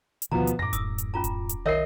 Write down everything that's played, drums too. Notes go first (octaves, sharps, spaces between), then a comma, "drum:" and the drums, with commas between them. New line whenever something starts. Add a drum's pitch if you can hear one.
drum: hi-hat
D2 B2 D#3 F3 B3 A#5
drum: hi-hat
F#2 A2 D6 A#6
D#6 E6, drum: kick D#1, hi-hat
drum: hi-hat
C#4 F4 A#5
drum: kick D#1, hi-hat
drum: hi-hat
B1 D#3 A#4 C#5 D#5 E5 C7